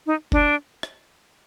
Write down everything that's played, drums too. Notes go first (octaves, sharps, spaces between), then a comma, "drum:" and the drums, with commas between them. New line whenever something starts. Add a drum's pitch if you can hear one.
D#4
D4, drum: kick F#1
drum: rim click